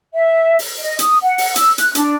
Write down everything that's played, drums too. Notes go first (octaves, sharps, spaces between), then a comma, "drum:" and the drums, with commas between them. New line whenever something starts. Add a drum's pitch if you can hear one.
E5
drum: open hi-hat
D#5
D#6, drum: hi-hat
F#5
drum: open hi-hat
E6, drum: hi-hat
F#6, drum: hi-hat
D4, drum: hi-hat